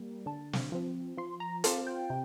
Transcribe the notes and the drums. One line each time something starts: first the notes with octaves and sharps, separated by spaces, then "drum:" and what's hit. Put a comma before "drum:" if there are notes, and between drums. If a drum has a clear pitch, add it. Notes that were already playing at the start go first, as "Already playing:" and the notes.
Already playing: G3 A#3
D3 A5
drum: snare
F3 C4
F3 C6
A#5
C4 F4 A5, drum: hi-hat
G5
C3